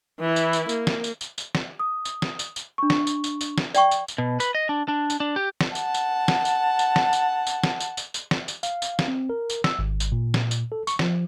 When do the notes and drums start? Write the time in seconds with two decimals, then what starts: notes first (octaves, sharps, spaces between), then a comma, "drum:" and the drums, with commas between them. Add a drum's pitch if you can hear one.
0.20 E3 E4
0.36 drum: tambourine
0.53 drum: tambourine
0.69 A#3, drum: tambourine
0.87 drum: snare
1.04 drum: tambourine
1.21 drum: tambourine
1.38 drum: tambourine
1.55 drum: snare
1.79 D#6
2.05 drum: tambourine
2.22 drum: snare
2.39 drum: tambourine
2.56 drum: tambourine
2.78 D4 C#6
2.90 drum: snare
3.07 drum: tambourine
3.24 drum: tambourine
3.41 drum: tambourine
3.58 drum: snare
3.75 D5 G5 C#6, drum: tambourine
3.91 drum: tambourine
4.08 drum: tambourine
4.18 B2
4.40 B4, drum: tambourine
4.55 D#5
4.69 D4
4.88 D4
5.10 drum: tambourine
5.20 D4
5.36 G4
5.61 drum: snare
5.75 F#5 A5, drum: tambourine
5.94 drum: tambourine
6.28 drum: snare
6.45 drum: tambourine
6.79 drum: tambourine
6.96 drum: snare
7.13 drum: tambourine
7.47 drum: tambourine
7.64 drum: snare
7.80 drum: tambourine
7.97 drum: tambourine
8.14 drum: tambourine
8.31 drum: snare
8.48 drum: tambourine
8.63 F5, drum: tambourine
8.82 drum: tambourine
8.99 drum: snare
9.08 C4
9.30 A#4
9.50 drum: tambourine
9.64 E6, drum: snare
9.79 G#1
10.00 drum: tambourine
10.12 A#2
10.34 drum: snare
10.51 drum: tambourine
10.72 A4
10.87 C#6, drum: tambourine
10.99 F3, drum: snare